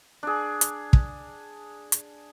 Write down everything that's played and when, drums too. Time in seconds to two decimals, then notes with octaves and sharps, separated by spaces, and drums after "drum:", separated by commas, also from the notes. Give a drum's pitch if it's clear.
0.23 D4 G#4
0.61 drum: hi-hat
0.93 drum: kick
1.92 drum: hi-hat